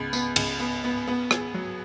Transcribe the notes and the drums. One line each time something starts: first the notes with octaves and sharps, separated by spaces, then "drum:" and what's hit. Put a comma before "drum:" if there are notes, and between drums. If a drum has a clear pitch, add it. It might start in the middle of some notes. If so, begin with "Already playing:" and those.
Already playing: C#2 B3
B3, drum: tambourine
C#2, drum: cymbal
B3
B3
B3
G#4, drum: rim click
F#3